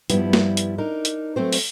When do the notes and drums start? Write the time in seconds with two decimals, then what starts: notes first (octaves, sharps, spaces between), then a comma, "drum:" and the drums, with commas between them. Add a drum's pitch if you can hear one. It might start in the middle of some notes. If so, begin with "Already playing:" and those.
0.10 G2 F3 G3 B3 E4, drum: hi-hat
0.33 drum: snare
0.57 drum: hi-hat
0.78 D4 D#4 A#4
1.05 drum: hi-hat
1.36 F#3 A3 C4 C5
1.53 drum: open hi-hat